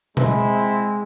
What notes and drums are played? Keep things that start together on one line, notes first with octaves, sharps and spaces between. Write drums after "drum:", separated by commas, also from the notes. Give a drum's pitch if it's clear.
G#3 C4 E4, drum: tom B2